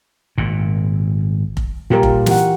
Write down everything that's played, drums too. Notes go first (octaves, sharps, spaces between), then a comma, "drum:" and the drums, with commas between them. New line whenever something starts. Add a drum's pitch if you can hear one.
G#1 A#2
drum: kick F1
A#2 G3 F4 G4 A#4
drum: kick F1
E3 G4 F#5, drum: snare